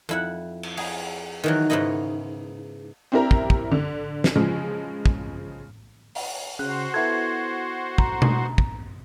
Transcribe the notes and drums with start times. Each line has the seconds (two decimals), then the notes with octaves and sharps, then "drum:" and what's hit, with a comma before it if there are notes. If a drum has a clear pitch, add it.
0.09 F2 E4 F#5
0.63 drum: cymbal
0.77 G#4, drum: open hi-hat
1.44 D#3 E3 F#3
1.70 G#2 C#3 B3 E4 D#5
3.12 C4 D4 E4 G4 A#4 A#5
3.31 drum: kick
3.50 drum: kick
3.71 D3
4.24 drum: snare
4.36 C#3 F3 G#3
5.06 drum: kick
6.15 drum: open hi-hat
6.59 C#3 F#4 C5 F#6
6.94 B3 E4 A4 G#6
7.98 A#5, drum: kick
8.22 drum: tom B2
8.58 drum: kick